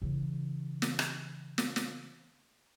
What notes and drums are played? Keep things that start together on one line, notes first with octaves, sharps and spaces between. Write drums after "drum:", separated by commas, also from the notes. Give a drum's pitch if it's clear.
C#3 E3
drum: snare
drum: rim click
drum: snare
drum: snare